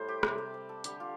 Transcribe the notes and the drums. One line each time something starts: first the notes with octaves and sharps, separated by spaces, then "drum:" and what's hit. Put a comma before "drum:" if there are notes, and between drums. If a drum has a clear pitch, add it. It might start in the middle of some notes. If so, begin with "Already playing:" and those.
Already playing: A2 G3 C5
G4
C3 G3, drum: rim click
D5
C5
A4
D3 G3 G4, drum: hi-hat
F4